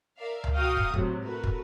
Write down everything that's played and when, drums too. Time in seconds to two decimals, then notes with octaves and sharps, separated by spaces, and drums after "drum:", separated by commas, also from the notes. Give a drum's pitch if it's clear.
0.19 A#4 D5 E5 F5
0.44 drum: tom C#2
0.54 F#4 F5 G5 A#5 C#6 D#6
0.77 drum: kick
0.94 A2 C3 F#3 A3, drum: kick
1.23 A3 F#4 A#4 B4
1.44 drum: kick